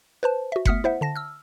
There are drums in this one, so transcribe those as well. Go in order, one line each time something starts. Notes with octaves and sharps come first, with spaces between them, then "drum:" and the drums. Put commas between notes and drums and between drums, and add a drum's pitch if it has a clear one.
B4 C5 A5
F#4 E5
A3 B3 D#6 F6 B6 C#7, drum: kick F#1
E4 C5 E5 F#5
D3 A5 A#6
E6 F6